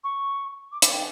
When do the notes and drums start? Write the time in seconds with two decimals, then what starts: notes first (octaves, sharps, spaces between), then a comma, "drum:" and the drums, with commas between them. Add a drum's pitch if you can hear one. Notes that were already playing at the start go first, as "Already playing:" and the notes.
0.04 C#6
0.72 D6
0.82 D6, drum: hi-hat
0.92 G5